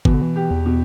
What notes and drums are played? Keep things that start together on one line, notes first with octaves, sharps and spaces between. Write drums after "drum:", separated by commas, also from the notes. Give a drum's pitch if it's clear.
B2 E3, drum: kick
D3
E3
G4
E2
B2